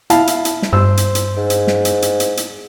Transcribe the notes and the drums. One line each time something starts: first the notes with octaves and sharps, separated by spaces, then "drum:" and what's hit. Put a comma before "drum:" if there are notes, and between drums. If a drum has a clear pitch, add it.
E4 F5 A5, drum: hi-hat
drum: hi-hat
drum: hi-hat
drum: snare
G2 C5 E6
drum: hi-hat
drum: hi-hat
G#2
drum: hi-hat
drum: snare
drum: hi-hat
drum: hi-hat
drum: hi-hat
drum: hi-hat